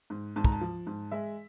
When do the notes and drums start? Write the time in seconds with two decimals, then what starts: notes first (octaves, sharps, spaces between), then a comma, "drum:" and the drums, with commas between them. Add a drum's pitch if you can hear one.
0.10 G#2
0.36 G#2 A5
0.45 A#5, drum: kick
0.52 A5
0.61 F3
0.87 G#2
1.12 G#3 E5